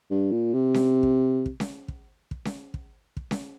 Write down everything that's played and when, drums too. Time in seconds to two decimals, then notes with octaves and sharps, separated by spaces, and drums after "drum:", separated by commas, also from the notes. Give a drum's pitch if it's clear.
0.11 G2
0.32 A#2
0.54 C3
0.74 drum: snare C#4
1.03 drum: kick
1.46 drum: kick
1.60 drum: snare C#4
1.88 drum: kick
2.31 drum: kick
2.45 drum: snare C#4
2.74 drum: kick
3.17 drum: kick
3.31 drum: snare C#4